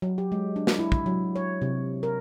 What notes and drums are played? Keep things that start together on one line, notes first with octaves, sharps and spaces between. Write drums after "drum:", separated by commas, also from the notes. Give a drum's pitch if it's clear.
F#3
G4
G#3
D4
drum: snare
E4
drum: kick
F#3
C#5
C3
A#4